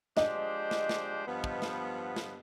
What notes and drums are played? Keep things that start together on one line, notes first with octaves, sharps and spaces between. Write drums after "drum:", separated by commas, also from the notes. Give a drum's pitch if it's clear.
F3 G#3 D4 G4 C5 D#5, drum: snare
drum: snare
drum: snare
G2 F3 B3
drum: kick
drum: snare
drum: snare